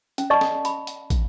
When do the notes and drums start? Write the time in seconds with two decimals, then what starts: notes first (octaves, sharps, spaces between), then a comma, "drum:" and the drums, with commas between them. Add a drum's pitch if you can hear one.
0.18 C#4, drum: hi-hat
0.30 D5 D#5 A5 C#6
0.41 drum: snare
0.65 B5, drum: hi-hat
0.87 drum: hi-hat
1.10 drum: kick, hi-hat